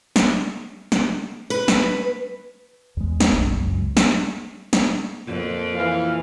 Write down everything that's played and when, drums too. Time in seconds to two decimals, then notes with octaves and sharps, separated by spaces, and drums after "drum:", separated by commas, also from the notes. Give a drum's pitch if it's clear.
0.16 drum: snare
0.92 drum: snare
1.50 B4
1.68 drum: snare
2.97 E2 G#3
3.20 drum: snare
3.32 F#1 B1
3.59 C#2 F#2 G#3
3.97 drum: snare
4.73 drum: snare
5.27 F2 A#2
5.74 E3 F5